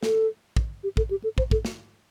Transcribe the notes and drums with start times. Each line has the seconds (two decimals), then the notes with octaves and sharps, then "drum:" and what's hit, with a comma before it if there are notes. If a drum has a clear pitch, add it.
0.03 A4, drum: snare
0.56 drum: kick
0.83 G4
0.97 A4, drum: kick
1.11 G4
1.24 A4
1.38 C5, drum: kick
1.51 A4, drum: kick
1.65 drum: snare